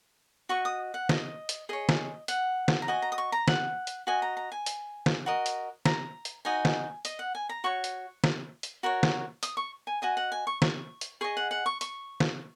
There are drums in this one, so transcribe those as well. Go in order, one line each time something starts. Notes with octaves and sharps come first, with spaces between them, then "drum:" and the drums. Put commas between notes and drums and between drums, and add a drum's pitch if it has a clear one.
F#4 D#5 C#6
D#6
F#5
D#5, drum: snare
drum: hi-hat
G#4 C#5 D#5
drum: snare
F#5, drum: hi-hat
drum: snare
A#5
F#4 D#5 G#5
A#5
D#6
C#6
A#5
F#5, drum: snare
drum: hi-hat
F#4 D#5 G#5
A#5
A#5
G#5
drum: hi-hat
drum: snare
F#4 A#4 D#5
drum: hi-hat
A#5, drum: snare
drum: hi-hat
D#4 F#4 D#5 G#5
drum: snare
D#5, drum: hi-hat
F#5
G#5
A#5
F#4 C#5 C#6
drum: hi-hat
drum: snare
drum: hi-hat
F#4 A#4 C#5
drum: snare
D#6, drum: hi-hat
C#6
G#5
F#4 D#5 G#5
F#5
G#5
C#6
C#6, drum: snare
drum: hi-hat
G#4 D#5 C#6
F#5
F#5
C#6
C#6, drum: hi-hat
drum: snare